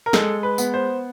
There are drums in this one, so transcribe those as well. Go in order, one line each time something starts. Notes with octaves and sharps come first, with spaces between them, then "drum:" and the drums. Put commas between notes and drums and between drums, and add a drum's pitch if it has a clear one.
A#4
G#3 A4, drum: snare
B4
B3, drum: tambourine
C5